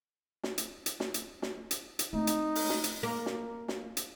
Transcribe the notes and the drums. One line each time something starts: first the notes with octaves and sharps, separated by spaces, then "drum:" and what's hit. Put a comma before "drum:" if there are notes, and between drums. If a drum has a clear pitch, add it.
drum: snare
drum: hi-hat
drum: hi-hat
drum: snare
drum: hi-hat
drum: snare
drum: hi-hat
drum: hi-hat
A3 C4 D#4
drum: hi-hat
drum: open hi-hat
drum: snare
drum: hi-hat
A#3
drum: snare
drum: snare
drum: hi-hat